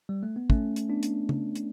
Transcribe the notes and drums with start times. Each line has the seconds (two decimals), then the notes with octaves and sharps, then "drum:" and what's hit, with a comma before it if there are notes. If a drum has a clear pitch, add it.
0.09 G3
0.23 A3
0.36 B3
0.50 A3 C#4, drum: kick
0.76 drum: hi-hat
0.89 B3 D4
1.03 drum: hi-hat
1.29 drum: tom C#3
1.55 drum: hi-hat